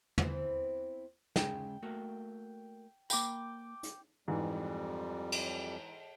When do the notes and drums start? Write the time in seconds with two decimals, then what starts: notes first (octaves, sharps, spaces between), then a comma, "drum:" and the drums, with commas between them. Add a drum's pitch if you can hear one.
0.18 E3 B3 C4, drum: tom
1.36 C#3 G#3 G5, drum: snare
1.83 A3 A#3 F#4
3.10 A#3 G5 B5 D6, drum: tambourine
3.83 drum: hi-hat
4.28 F2 G#2 E3 G3
5.32 drum: cymbal